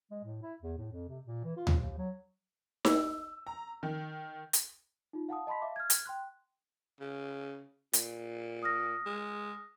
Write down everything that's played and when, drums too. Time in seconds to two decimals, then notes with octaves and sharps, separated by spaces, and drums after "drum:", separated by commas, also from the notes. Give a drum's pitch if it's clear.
0.11 G#3
0.23 A2
0.42 E4
0.62 E2
0.77 A2
0.92 F2
1.08 C3
1.25 A#2
1.44 E3
1.56 F4
1.67 drum: tom D2
1.78 D#2
1.97 F#3
2.85 E6, drum: snare D#4
3.47 A#5
3.83 D#3
4.53 drum: hi-hat
5.13 D#4 F4
5.29 F5 F#5 A5 D#6
5.47 D#5 A5 B5 C6 B6
5.62 E5 F5 D6
5.76 F6 G#6
5.90 drum: hi-hat
6.05 G5 C6 F#6
7.00 C#3
7.93 A#2, drum: hi-hat
8.63 D#6 F6 A#6
9.06 G#3